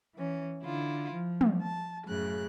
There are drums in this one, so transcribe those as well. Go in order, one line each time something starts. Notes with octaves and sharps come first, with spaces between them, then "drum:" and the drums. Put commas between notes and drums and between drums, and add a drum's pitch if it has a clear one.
E3 C#4
D3 E4 F4
F3
drum: tom
A5
F#2 A2 C#3 F#6